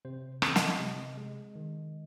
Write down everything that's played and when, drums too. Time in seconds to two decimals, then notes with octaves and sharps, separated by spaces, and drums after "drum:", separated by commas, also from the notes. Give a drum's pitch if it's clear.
0.05 C3 C5
0.42 C4, drum: rim click
0.56 D#5, drum: snare
0.79 C3
1.17 G#3
1.55 D#3